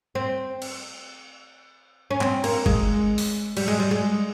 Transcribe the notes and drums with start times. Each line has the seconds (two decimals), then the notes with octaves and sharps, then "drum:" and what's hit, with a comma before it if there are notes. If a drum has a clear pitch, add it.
0.15 C4
0.62 drum: cymbal
2.11 C#4
2.21 C4, drum: clap
2.44 A#3, drum: cymbal
2.66 G#3, drum: kick F#1
3.18 drum: open hi-hat
3.57 G3, drum: cymbal
3.68 G#3
3.80 G3
3.91 G#3